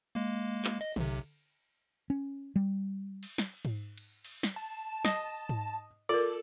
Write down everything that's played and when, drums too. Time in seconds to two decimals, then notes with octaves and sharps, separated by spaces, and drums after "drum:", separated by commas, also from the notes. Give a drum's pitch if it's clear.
0.15 G#3 A#3
0.65 drum: clap
0.81 D#5, drum: cymbal
0.96 B1 C3, drum: tom D3
2.10 C#4
2.56 G3
3.23 drum: cymbal
3.38 drum: snare
3.65 drum: tom G#2
3.97 drum: cymbal
4.25 drum: cymbal
4.43 drum: snare
4.56 A5
5.05 D#5, drum: snare
5.49 drum: tom G#2
6.09 F4 A4 A#4 D5